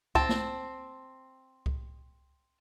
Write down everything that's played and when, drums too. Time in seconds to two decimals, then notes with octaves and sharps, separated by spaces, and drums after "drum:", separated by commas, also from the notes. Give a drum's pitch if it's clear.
0.15 C4 A5, drum: kick C2
0.29 drum: snare
1.66 drum: kick C2